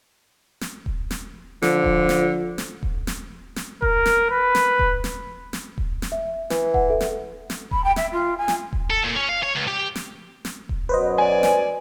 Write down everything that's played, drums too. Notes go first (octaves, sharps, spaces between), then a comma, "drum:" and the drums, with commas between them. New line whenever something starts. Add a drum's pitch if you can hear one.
drum: snare
drum: kick D#1
drum: snare
D3 F3, drum: snare
drum: kick D#1
drum: snare
drum: snare
drum: kick D#1
drum: snare
drum: snare
A#4, drum: kick D#1
drum: snare
B4
drum: snare
drum: kick D#1
drum: snare
drum: snare
drum: kick D#1
drum: snare
E5
E3, drum: snare
F#5, drum: kick D#1
A4 E5
drum: snare
drum: snare
B5, drum: kick D#1
G5
E5, drum: snare
F4
G#5
drum: snare
drum: kick D#1
A4
A#2
C#4
F5
C#5
C#2
G4
drum: snare
drum: snare
drum: kick D#1
F#2 B2 F#3 B4 C5 D#5
D5 G#5
drum: snare